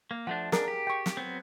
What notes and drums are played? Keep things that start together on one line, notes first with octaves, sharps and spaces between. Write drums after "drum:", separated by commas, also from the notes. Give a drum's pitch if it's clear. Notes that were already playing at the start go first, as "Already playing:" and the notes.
A#3
F3 A3 D4 F#5
D4 G#4 A#4, drum: snare
G4
G5 C#6
drum: snare
F#3 B3 C4